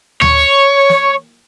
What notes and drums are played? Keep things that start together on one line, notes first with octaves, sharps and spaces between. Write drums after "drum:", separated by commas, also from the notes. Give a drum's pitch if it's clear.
C#5, drum: tom D2
drum: snare